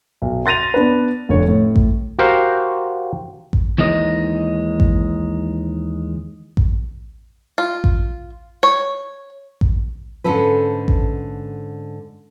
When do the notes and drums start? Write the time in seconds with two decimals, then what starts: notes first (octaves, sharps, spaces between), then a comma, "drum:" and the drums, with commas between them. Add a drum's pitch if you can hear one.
0.22 B1
0.46 C6 A6 A#6 D#7 F7
0.74 B3 D4 B4
1.29 F1 D3 C#5
1.49 A2
1.76 drum: kick A1
2.19 F#4 G4 A#4 C5 F5
3.53 drum: kick A1
3.78 D#2 E3 G#3 D#4 D#5
4.80 drum: kick A1
6.57 drum: kick A1
7.58 F4
7.84 drum: kick A1
8.63 C#5
9.61 drum: kick A1
10.24 G#2 D3 C#4 A4 B4
10.88 drum: kick A1